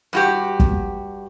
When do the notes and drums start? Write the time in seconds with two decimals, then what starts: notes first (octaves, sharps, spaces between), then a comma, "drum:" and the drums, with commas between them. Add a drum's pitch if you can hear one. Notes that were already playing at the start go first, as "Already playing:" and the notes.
0.13 G2 F#4 G4
0.60 drum: kick